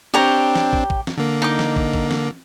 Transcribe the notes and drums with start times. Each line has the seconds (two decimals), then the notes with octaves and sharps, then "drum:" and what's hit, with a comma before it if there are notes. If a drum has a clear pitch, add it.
0.14 C4 D4 G4 C#5 A#5
0.56 drum: snare
0.73 drum: kick
0.90 drum: kick
1.07 drum: snare
1.18 D3 A#3
1.42 D#4 D6
1.59 drum: snare
1.76 drum: kick
1.94 drum: kick
2.11 drum: snare